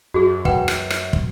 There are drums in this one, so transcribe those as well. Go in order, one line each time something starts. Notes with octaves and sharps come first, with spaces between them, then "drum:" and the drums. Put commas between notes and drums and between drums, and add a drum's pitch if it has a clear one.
F#2 F#4 G#4
B4 F#5 G5, drum: kick
drum: rim click
drum: rim click
drum: kick